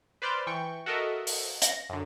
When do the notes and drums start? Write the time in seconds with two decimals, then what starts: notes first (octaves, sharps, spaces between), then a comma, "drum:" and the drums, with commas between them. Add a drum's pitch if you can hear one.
0.22 B4 C5 D5 F6 G6
0.47 E3 G5 C#6
0.86 F#4 A4 A#4 D#5 E5
1.27 drum: open hi-hat
1.62 A#6, drum: hi-hat
1.89 F#2 D3